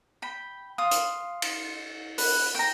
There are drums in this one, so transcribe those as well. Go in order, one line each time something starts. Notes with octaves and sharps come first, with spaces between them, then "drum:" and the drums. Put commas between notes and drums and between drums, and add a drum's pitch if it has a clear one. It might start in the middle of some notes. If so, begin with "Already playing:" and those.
G5 B5
F4 F5 D#6
drum: hi-hat
drum: cymbal
B4, drum: open hi-hat
G5 A#5